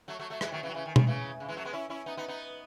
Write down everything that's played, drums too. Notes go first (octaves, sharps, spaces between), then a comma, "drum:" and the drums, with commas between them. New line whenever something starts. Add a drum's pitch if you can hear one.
F#3 A3
F#3 A3
F#3 A3
E3 G#3, drum: rim click
D#3 F#3
C#3 E3
F#3
C#3 E3
D#3
D#3, drum: tom B2
C#3 E3
C#3
E3 G#3
F#3 A3
G#3 B3
C#4 E4
C#4 E4
B3 D#4
B3 D#4
B3 D#4